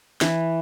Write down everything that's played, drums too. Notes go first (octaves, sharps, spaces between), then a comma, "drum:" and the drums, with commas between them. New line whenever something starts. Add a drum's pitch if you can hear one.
E3, drum: snare